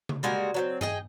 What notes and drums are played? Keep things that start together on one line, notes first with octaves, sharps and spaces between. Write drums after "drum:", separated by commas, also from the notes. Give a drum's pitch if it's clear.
drum: tom C#3
G3 G#3 A#3 F#4
F#3 B3 C4
G#4 D#5 G5, drum: tom G2